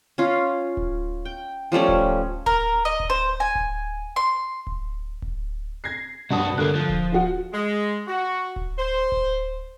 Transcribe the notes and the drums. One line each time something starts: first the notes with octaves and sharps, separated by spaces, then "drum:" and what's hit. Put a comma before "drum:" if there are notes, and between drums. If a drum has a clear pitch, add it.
C#4 F4
drum: kick D1
G5
F3 G3 A3 C#4
drum: kick D1
A#4, drum: kick D1
D#5
drum: kick D1
C5
G#5
drum: kick D1
C6
drum: kick D1
drum: kick D1
G#6 A#6 C7
C2 G2 F#4 A5 D#6
G2 D3 A#3 F#6
F3
drum: kick D1
F4 F#4 F#5
G#3
F#4
drum: kick D1
C5
drum: kick D1